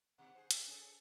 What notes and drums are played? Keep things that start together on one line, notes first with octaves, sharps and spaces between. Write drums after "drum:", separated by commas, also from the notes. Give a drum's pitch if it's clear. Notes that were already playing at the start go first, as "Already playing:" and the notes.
D#2 G#2 B2 F#5
G#4 C5
G#5, drum: hi-hat
C#4 G#4 A4